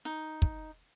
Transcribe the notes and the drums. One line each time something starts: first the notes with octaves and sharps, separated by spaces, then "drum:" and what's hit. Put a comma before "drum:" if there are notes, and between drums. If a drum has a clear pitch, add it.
D#4
drum: kick